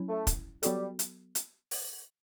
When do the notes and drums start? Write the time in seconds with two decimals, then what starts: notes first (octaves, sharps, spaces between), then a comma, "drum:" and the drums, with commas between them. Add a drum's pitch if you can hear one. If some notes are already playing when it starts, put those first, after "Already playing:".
Already playing: F#3 C#4 E4
0.09 A3
0.27 drum: kick, hi-hat
0.63 F#3 G3 B3 F#4 A4, drum: hi-hat
0.99 drum: hi-hat
1.35 drum: hi-hat
1.71 drum: open hi-hat